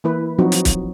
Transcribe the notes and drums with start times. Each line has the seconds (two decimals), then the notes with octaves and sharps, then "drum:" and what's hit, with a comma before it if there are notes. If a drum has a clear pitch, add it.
0.04 E3 A#3 E4 B4
0.39 F3 F#3 C4 D#4 F#4
0.52 drum: hi-hat
0.65 drum: kick, hi-hat